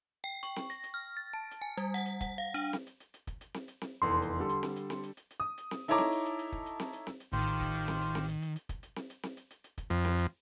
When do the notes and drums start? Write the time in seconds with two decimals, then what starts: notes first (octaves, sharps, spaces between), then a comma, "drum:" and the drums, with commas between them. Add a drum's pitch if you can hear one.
0.24 G5
0.43 C#6, drum: hi-hat
0.56 drum: snare C4
0.70 A#6, drum: hi-hat
0.83 drum: hi-hat
0.94 F6
1.17 A6
1.34 A5
1.51 drum: hi-hat
1.62 G#5
1.77 G3, drum: hi-hat
1.94 F#5, drum: hi-hat
2.05 drum: hi-hat
2.21 F#5, drum: kick, hi-hat
2.38 F5
2.54 D4
2.73 drum: snare C4
2.87 drum: hi-hat
3.00 drum: hi-hat
3.14 drum: hi-hat
3.27 drum: kick, hi-hat
3.41 drum: hi-hat
3.54 drum: snare C4
3.68 drum: hi-hat
3.81 drum: snare C4
4.02 F1 E2 A4 C6
4.22 drum: hi-hat
4.40 D3 G3 A4
4.49 drum: hi-hat
4.63 drum: snare C4
4.76 drum: hi-hat
4.90 drum: snare C4
5.03 drum: hi-hat
5.17 drum: hi-hat
5.31 drum: hi-hat
5.40 D#6
5.58 drum: hi-hat
5.71 drum: snare C4
5.88 D#4 E4 A4 C#5 A#5 D6
5.98 drum: snare C4
6.12 drum: hi-hat
6.25 drum: hi-hat
6.39 drum: hi-hat
6.52 drum: kick
6.66 drum: hi-hat
6.80 drum: snare C4
6.93 drum: hi-hat
7.07 drum: snare C4
7.20 drum: hi-hat
7.33 A1 D#3 F4 G4 C5, drum: hi-hat
7.47 drum: hi-hat
7.61 drum: kick
7.74 drum: hi-hat
7.88 drum: snare C4
8.01 drum: hi-hat
8.15 drum: snare C4
8.29 drum: hi-hat
8.42 drum: hi-hat
8.56 drum: hi-hat
8.69 drum: kick, hi-hat
8.83 drum: hi-hat
8.96 drum: snare C4
9.10 drum: hi-hat
9.23 drum: snare C4
9.37 drum: hi-hat
9.51 drum: hi-hat
9.64 drum: hi-hat
9.78 drum: kick, hi-hat
9.90 F2, drum: hi-hat
10.05 drum: snare C4
10.18 drum: hi-hat